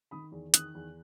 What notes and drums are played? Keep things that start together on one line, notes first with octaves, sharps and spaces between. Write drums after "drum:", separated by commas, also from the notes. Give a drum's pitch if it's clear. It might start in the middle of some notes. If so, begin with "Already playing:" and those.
D#3 B5 D#6
E2
D#3 D#6 F#6, drum: hi-hat
E2